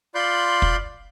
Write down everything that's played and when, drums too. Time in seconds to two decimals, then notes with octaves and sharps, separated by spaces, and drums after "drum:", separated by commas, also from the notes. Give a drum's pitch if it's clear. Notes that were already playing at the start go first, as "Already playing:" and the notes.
0.15 F4 D5 B5 C6 F#6 G6
0.62 drum: kick